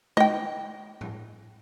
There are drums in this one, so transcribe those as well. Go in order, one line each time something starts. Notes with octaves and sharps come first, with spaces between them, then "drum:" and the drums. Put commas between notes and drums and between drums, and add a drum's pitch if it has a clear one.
D#5 G5, drum: tom G#3
drum: tom